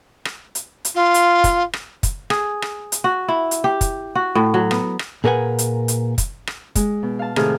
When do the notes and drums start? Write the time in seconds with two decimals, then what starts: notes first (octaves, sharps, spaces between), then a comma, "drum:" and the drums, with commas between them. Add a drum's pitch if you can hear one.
0.25 drum: rim click
0.55 drum: hi-hat
0.85 drum: hi-hat
0.94 F4
1.14 drum: hi-hat
1.44 drum: kick, hi-hat
1.73 drum: rim click
2.03 drum: kick, hi-hat
2.30 G#4, drum: rim click
2.62 drum: rim click
2.92 drum: hi-hat
3.04 F#4
3.28 E4
3.51 drum: hi-hat
3.64 G4
3.81 drum: kick, hi-hat
4.15 F#4
4.35 A2
4.54 F#3
4.71 B3, drum: rim click
4.99 drum: rim click
5.24 A#2 G#4 A#4 B4 F#5 G#5
5.59 drum: hi-hat
5.88 drum: hi-hat
6.18 drum: kick, hi-hat
6.47 drum: rim click
6.75 G#3, drum: kick, hi-hat
7.03 B2
7.19 F5 A5
7.36 A2 C3 D#3 G#4 C5 F6, drum: rim click